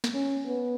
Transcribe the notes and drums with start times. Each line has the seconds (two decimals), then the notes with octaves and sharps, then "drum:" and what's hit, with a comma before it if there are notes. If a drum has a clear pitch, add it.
0.04 drum: snare
0.14 C#4
0.45 B3